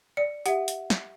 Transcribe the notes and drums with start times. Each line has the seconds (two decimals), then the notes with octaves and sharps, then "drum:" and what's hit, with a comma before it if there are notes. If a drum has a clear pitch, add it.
0.17 D5 C#7
0.46 G4 E5 F#5, drum: hi-hat
0.68 drum: hi-hat
0.90 drum: snare